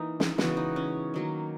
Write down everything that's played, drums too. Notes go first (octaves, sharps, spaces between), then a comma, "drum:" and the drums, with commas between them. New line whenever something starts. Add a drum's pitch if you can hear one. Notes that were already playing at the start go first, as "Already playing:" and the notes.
Already playing: E3 A#3 D#4
drum: snare
C#3 E3 G#3 B3 F#4, drum: snare
D#4
C#4
D#3 F#3 A#3